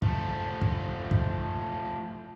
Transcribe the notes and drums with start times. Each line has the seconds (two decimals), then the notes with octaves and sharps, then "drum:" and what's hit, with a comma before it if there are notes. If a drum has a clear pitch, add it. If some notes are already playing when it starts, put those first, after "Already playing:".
0.02 F3 A3, drum: kick
0.61 drum: kick
1.11 drum: kick